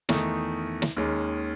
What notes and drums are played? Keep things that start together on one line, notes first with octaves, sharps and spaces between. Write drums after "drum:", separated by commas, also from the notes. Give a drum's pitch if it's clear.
E2 D#3 A3 D#4, drum: snare
drum: snare
D#2 D#3 G#3 C#4